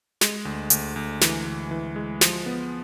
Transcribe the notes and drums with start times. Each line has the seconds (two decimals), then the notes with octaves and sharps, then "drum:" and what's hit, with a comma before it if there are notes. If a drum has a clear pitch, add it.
0.21 G#3, drum: snare
0.45 D2
0.70 D2, drum: hi-hat
0.96 D2
1.21 E3, drum: snare
1.46 D2
1.71 E3
1.96 G#3
2.21 F3, drum: snare
2.46 B3